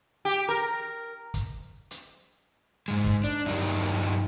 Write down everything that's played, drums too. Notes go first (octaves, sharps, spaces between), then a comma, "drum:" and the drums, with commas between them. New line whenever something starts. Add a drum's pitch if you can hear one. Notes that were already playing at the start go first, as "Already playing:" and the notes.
G4
A#4
drum: kick, hi-hat
drum: hi-hat
G#2 G#3
drum: kick
D4
G2 F#3 D#4 G4 A#4
drum: hi-hat